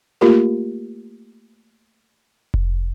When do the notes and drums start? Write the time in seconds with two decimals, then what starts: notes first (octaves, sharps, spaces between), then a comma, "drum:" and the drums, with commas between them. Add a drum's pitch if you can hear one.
0.21 A3 A#3 F4 G4 A#4
2.54 drum: kick F1